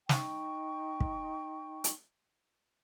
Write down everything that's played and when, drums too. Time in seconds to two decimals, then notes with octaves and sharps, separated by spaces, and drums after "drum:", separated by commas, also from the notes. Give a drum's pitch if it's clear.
0.09 D#4 G5 C#6, drum: snare
1.00 drum: kick
1.84 drum: hi-hat